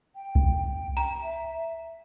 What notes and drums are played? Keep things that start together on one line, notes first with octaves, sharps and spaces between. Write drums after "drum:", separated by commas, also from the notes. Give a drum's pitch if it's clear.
G5
drum: kick C2
A#5
E5